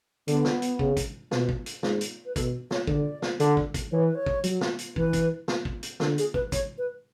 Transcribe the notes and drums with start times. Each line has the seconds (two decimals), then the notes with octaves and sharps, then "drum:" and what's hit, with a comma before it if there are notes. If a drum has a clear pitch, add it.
0.28 D3 B3, drum: hi-hat
0.45 drum: snare
0.62 drum: hi-hat
0.79 C#3, drum: kick
0.97 drum: kick, hi-hat
1.31 B2, drum: snare
1.49 drum: kick
1.66 drum: hi-hat
1.83 G#2, drum: snare
2.01 drum: hi-hat
2.26 B4
2.36 B2 A4, drum: kick, hi-hat
2.71 C#5, drum: snare
2.87 D3 D5, drum: kick
3.22 drum: snare
3.40 D3, drum: hi-hat
3.57 drum: kick
3.74 drum: kick, hi-hat
3.92 E3 C#5
4.04 B4
4.15 C#5
4.26 drum: kick
4.44 F#3, drum: hi-hat
4.61 drum: snare
4.79 drum: hi-hat
4.96 E3 B4, drum: kick
5.13 drum: kick, hi-hat
5.48 drum: snare
5.65 drum: kick
5.83 drum: hi-hat
6.00 D3 A4, drum: snare
6.18 G#4, drum: hi-hat
6.34 B4, drum: kick
6.52 C#5, drum: kick, hi-hat
6.78 B4